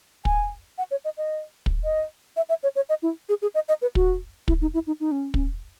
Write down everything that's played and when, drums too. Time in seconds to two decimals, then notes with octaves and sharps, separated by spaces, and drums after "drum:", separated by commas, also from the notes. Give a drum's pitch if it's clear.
0.25 G#5, drum: kick
0.78 F#5
0.91 C#5
1.05 D#5
1.17 D#5
1.66 drum: kick
1.84 D#5
2.37 E5
2.49 E5
2.63 C#5
2.76 C#5
2.89 D#5
3.02 E4
3.29 G#4
3.42 G#4
3.55 D#5
3.68 D#5
3.82 B4
3.95 F#4, drum: kick
4.48 E4, drum: kick
4.61 D#4
4.74 E4
4.87 D#4
5.00 D#4
5.12 C#4
5.34 C#4, drum: kick